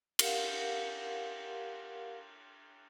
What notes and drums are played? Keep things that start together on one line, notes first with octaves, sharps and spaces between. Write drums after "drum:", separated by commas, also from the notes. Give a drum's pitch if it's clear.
G4 A#4 F5 F#5, drum: cymbal